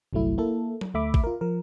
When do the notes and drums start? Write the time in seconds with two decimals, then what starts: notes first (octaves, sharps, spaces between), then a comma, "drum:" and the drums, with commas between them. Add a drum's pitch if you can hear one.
0.13 G1 C2 F#3 A3 E4
0.38 A#3 E4 A4
0.81 drum: tom F#3
0.94 D2 A3 E5 B5 D6
1.14 drum: kick G#1
1.24 F4 A#4
1.41 F3 A#4